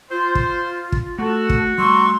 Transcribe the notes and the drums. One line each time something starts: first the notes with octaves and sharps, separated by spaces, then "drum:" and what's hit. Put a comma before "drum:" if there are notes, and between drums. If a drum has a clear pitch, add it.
F4 C5
drum: kick
drum: kick
A3 F#4 A4 A5
drum: kick
G3 A3 A#5 C6 C#6 E6